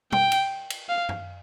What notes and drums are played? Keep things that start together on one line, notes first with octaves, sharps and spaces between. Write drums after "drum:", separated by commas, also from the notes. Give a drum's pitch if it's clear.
G5, drum: tom
drum: cymbal
drum: cymbal
F5
drum: tom